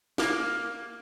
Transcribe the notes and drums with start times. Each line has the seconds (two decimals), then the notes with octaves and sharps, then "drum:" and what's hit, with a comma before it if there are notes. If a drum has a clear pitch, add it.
0.18 A#3, drum: snare